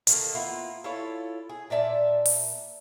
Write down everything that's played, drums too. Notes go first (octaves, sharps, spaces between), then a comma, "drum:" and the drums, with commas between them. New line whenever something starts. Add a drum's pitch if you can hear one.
D#3 A#3 A4, drum: hi-hat
A#3 B3 E4 F4
E4 F4 A4 C#5
G#4
A#2 D5 E5 A5
drum: open hi-hat